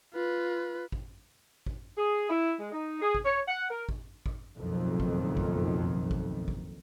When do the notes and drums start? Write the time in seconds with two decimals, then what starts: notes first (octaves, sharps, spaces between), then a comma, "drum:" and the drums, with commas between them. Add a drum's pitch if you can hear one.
0.14 F4 B4
0.92 drum: kick G#1
1.66 drum: kick G#1
1.98 G#4
2.30 E4
2.59 G#3
2.72 D#4
3.01 G#4
3.15 drum: kick G#1
3.25 C#5
3.47 F#5
3.70 A#4
3.89 drum: kick G#1
4.26 drum: kick G#1
4.58 F#1 B1 F2 A2 D#3
5.00 drum: kick G#1
5.37 drum: kick G#1
6.11 drum: kick G#1
6.48 drum: kick G#1